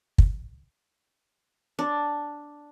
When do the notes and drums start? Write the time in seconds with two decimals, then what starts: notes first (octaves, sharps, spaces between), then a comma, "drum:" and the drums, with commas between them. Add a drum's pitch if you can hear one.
0.18 drum: kick
1.79 D4